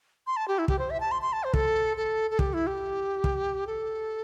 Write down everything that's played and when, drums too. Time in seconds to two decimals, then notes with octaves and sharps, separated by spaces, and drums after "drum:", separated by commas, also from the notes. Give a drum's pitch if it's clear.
0.27 C6
0.37 A5
0.48 G4
0.59 E4
0.68 G4, drum: kick
0.79 C5
0.90 E5
1.00 A5
1.12 C6
1.22 C6
1.33 A5
1.44 C5
1.54 A4, drum: kick
1.97 A4
2.31 A4
2.39 G4, drum: kick
2.54 E4
2.67 G4
3.24 drum: kick
3.67 A4